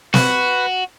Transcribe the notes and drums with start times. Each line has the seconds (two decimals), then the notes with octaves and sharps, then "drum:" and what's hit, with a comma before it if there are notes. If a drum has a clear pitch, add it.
0.14 F#4 B4, drum: snare